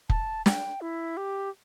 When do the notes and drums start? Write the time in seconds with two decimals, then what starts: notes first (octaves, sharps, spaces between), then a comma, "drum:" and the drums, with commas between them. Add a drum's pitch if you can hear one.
0.10 A5, drum: kick F1
0.46 G5, drum: snare
0.81 E4
1.17 G4